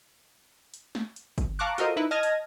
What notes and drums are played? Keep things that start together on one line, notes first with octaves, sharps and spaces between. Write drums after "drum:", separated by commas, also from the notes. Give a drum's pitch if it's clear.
drum: hi-hat
drum: snare
drum: hi-hat
drum: kick, hi-hat
F5 A5 A#5 C#6 D6 F#6
F4 F#4 A4 A#4 C5 D#5, drum: hi-hat
D#4 E4 B4
D#5 A5 F6 G#6 A#6
drum: hi-hat